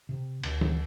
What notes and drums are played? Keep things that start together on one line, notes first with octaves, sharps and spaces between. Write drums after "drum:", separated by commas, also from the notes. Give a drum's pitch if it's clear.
C3
D2, drum: cymbal
drum: tom E3